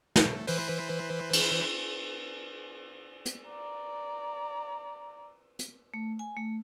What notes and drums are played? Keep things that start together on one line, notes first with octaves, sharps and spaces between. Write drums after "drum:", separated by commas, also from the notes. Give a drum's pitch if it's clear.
A3, drum: snare
E3 B4 C5, drum: open hi-hat
drum: cymbal
drum: hi-hat
D5 A#5
drum: hi-hat
A3
G#5
A3